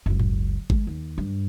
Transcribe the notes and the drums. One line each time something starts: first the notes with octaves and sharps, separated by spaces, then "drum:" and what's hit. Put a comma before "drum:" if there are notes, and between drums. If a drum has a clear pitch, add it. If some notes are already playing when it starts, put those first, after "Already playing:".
F#1 C#2
drum: tom G#2
G#3, drum: kick G#1
D#2
G2